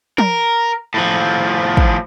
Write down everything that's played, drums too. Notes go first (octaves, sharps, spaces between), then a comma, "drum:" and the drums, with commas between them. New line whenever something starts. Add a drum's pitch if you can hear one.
A#4, drum: tom
A2 F3
drum: kick